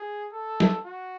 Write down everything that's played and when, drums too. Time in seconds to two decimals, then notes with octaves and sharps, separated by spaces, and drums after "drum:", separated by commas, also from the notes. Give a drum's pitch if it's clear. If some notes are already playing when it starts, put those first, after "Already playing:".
Already playing: G#4
0.32 A4
0.60 drum: snare
0.85 F#4